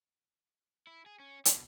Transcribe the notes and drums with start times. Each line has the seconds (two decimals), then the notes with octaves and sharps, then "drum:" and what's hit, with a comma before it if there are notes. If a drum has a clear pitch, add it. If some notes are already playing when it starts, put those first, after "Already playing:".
0.87 E4
1.06 G#4
1.20 C#4
1.45 B2 D3, drum: hi-hat